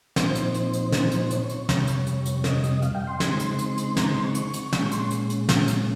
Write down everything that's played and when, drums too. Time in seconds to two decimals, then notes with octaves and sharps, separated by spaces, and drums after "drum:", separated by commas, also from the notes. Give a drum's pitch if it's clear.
0.16 A#2 F3 C4 D#4 C5, drum: snare
0.35 drum: hi-hat
0.54 drum: hi-hat
0.73 drum: hi-hat
0.92 drum: snare
1.11 drum: hi-hat
1.31 C#5, drum: hi-hat
1.49 drum: hi-hat
1.69 F2 C3 G3, drum: snare
1.87 drum: hi-hat
2.06 drum: hi-hat
2.25 drum: hi-hat
2.44 D#5, drum: snare
2.63 drum: hi-hat
2.82 F5, drum: hi-hat
2.95 G5
3.07 C6
3.20 C#3 G#3 C4 D#4, drum: snare
3.40 drum: hi-hat
3.59 drum: hi-hat
3.78 drum: hi-hat
3.97 A#5, drum: snare
4.09 C6
4.22 C#6
4.35 drum: hi-hat
4.54 drum: hi-hat
4.73 A#2 G#3 C#4 C#6, drum: snare
4.92 C6, drum: hi-hat
5.11 drum: hi-hat
5.30 drum: hi-hat
5.49 drum: snare
5.68 drum: hi-hat